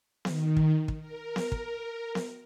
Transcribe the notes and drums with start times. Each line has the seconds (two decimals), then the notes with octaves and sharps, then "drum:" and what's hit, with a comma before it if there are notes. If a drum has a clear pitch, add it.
0.25 D#3, drum: snare B3
0.57 drum: kick
0.88 drum: kick
1.00 A#4
1.36 drum: snare B3
1.52 drum: kick
2.15 drum: snare B3